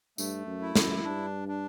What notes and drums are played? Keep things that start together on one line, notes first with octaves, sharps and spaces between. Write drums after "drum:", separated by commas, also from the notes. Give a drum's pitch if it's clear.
G2 A3, drum: tambourine
F#2
E4
F#2, drum: snare
G2 D4
D4